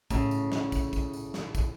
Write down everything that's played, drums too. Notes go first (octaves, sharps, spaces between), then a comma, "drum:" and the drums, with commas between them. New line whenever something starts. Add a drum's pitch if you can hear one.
A2 C#3, drum: kick, tambourine
drum: tambourine
drum: snare
drum: kick, tambourine
drum: kick, tambourine
drum: tambourine
drum: snare
drum: kick, tambourine